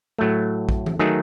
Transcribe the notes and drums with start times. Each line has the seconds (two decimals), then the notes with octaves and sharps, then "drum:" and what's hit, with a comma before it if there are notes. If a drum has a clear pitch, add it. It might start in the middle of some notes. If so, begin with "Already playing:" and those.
0.19 A2 F#3 A3
0.69 drum: kick
0.86 drum: tom E3
0.99 D#3 F#3 A3 D#4 G#4